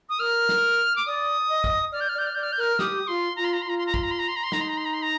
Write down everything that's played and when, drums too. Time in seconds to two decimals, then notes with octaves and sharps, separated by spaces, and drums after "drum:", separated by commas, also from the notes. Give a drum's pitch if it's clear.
0.09 D#6
0.20 A#4 F6
0.49 drum: snare
0.96 D6
1.07 D5 D#6
1.49 D#5
1.64 drum: kick
1.92 D5 F6
2.01 G6
2.09 F6
2.14 D5 G6
2.26 F6
2.35 D5 G6
2.43 F6
2.52 G6
2.58 A#4 F6
2.79 G4 D#6, drum: snare
3.07 F4 C6
3.36 F4 A#5
3.44 C6
3.53 A#5
3.62 C6
3.66 F4 A#5
3.78 C6
3.86 A#5
3.94 C6, drum: kick
4.03 A#5
4.11 C6
4.19 A#5
4.28 C6
4.36 A#5
4.44 C6
4.52 D#4 A#5, drum: snare
4.61 C6
4.69 A#5
4.77 C6
4.85 A#5
4.94 C6
5.02 A#5